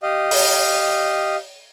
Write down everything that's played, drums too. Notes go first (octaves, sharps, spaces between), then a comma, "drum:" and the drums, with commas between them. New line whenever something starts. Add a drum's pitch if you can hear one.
G4 D#5 F5
drum: open hi-hat